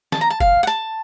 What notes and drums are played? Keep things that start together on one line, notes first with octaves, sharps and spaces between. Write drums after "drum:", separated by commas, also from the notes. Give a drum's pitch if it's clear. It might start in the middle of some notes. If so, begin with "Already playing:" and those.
A5, drum: snare
A#5
A5
F5, drum: kick G1
F#5
A5, drum: hi-hat